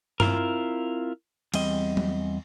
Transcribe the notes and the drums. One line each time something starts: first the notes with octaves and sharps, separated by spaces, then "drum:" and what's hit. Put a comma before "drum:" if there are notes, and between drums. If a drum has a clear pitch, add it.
C4 E4 F4 A#4, drum: tom G2
E2 G3 C4 D#5, drum: cymbal
drum: tom F#3